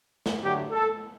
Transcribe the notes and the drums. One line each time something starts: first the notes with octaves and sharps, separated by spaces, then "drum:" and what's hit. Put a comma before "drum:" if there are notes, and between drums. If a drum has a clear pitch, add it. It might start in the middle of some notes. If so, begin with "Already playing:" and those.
drum: snare
D3 F#3 A3 G4
A4